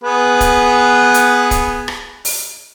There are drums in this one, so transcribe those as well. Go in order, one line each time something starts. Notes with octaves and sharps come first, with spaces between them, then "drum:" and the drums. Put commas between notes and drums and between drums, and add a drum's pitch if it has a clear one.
B3 G#4 B4
drum: kick, hi-hat
drum: hi-hat
drum: kick, hi-hat
drum: rim click
drum: open hi-hat